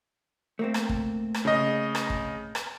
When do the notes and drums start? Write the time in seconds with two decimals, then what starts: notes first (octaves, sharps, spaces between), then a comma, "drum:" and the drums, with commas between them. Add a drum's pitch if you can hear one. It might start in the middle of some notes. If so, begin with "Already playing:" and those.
0.59 A3 A#3 C4
0.74 drum: rim click
0.89 drum: kick
1.34 drum: rim click
1.45 C#3 D#5
1.95 drum: rim click
2.10 drum: kick
2.55 drum: rim click